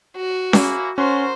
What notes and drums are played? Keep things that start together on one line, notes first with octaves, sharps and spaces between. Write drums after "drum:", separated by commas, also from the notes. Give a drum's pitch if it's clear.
F#4
A#3 C#4 E4, drum: snare C#4
C#4 F#4 A#4 C5 C6